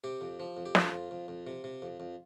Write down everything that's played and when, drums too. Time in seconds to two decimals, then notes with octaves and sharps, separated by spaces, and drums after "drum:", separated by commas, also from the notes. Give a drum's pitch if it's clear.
0.04 C3 G4
0.21 F2
0.40 F3
0.57 F2
0.66 G4
0.75 F2 F4, drum: snare
0.92 F2
1.11 F2
1.28 F2
1.47 C3
1.64 C3
1.82 F2
2.00 F2